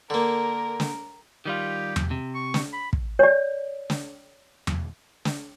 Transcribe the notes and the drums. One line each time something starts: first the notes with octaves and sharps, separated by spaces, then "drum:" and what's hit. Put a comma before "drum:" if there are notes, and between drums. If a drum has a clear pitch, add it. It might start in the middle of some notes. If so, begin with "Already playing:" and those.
D3 A#3 A#4
drum: snare
D#3 G3 F4 G4
drum: tom E2
C3
C#6
drum: snare
B5
drum: kick
C#5 D5
drum: snare
drum: tom E2
drum: snare